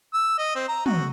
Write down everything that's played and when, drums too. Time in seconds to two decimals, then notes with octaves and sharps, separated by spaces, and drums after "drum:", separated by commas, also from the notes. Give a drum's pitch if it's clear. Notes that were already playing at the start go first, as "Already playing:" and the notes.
0.14 E6
0.38 D#5
0.55 C4
0.69 A#5
0.86 F#4, drum: tom